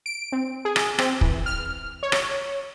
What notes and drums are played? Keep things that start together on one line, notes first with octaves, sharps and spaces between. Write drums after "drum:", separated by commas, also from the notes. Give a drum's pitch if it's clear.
D7
C4
G#4
drum: rim click
C4, drum: rim click
E3, drum: kick
F6
C#5
drum: rim click